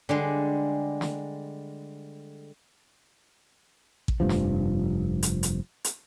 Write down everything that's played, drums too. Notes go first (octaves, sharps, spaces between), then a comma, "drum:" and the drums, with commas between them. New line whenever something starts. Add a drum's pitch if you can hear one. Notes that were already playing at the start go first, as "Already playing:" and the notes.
D3 G3 G#3
drum: snare
drum: kick A1
F1 G2 F3
drum: snare
drum: hi-hat
drum: hi-hat
drum: hi-hat